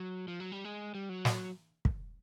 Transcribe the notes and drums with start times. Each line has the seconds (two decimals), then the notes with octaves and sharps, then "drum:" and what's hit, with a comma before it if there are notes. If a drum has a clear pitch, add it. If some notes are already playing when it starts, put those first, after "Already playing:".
Already playing: F#3
0.28 F3
0.40 F#3
0.52 G3
0.64 G#3
0.95 G3
1.09 F#3
1.25 drum: snare
1.85 drum: kick